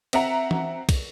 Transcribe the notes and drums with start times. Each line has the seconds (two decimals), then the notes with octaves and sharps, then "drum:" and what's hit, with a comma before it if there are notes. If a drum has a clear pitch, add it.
0.13 C4 E5 F#5 A#5, drum: cymbal
0.51 drum: tom E3
0.89 drum: kick, cymbal